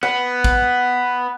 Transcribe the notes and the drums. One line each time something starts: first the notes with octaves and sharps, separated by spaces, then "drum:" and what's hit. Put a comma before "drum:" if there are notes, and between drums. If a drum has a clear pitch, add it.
B3 F#5
drum: kick